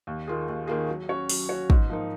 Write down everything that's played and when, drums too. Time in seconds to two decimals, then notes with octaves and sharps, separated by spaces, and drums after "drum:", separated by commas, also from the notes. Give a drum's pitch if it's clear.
0.07 D#2
0.28 D#3 A#3 F4 G#4
0.48 D#2
0.67 D#3 A#3 F4 G#4
0.88 F#3
1.09 C#4 F#4 C#5
1.29 F#3, drum: open hi-hat
1.49 C#4 F#4 C#5
1.70 G#2, drum: kick
1.90 F3 A#3 D#4